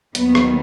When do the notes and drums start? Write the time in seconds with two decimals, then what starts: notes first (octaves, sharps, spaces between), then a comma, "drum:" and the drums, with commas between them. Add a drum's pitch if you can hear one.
0.15 D#2 D#3 F#3 B3, drum: hi-hat
0.35 drum: rim click